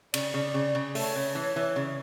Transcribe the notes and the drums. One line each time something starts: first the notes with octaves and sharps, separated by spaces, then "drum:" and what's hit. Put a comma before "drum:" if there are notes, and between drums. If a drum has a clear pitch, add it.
C#3 D5, drum: cymbal
C#3 D5
C#3
C#3
A3 C#5, drum: open hi-hat
C#3
E3
E3
C#3